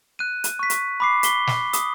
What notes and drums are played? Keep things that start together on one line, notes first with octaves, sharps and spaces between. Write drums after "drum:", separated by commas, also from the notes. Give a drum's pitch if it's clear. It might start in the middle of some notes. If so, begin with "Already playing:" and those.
F#6 D#7
drum: hi-hat
C#6 B6
drum: hi-hat
B5 D6 C7
B6 G7, drum: hi-hat
drum: snare
D#6, drum: hi-hat